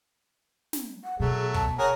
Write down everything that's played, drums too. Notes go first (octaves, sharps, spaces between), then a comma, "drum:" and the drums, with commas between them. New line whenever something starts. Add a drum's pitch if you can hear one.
drum: snare
F#5
B2 F#3 A3 G#4
A5, drum: kick
F#4 G#4 A#4 C#5